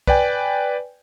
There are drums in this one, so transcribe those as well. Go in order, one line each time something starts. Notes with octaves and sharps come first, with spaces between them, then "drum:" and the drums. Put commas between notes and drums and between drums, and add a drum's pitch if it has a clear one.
B4 D5 G5 G#5, drum: kick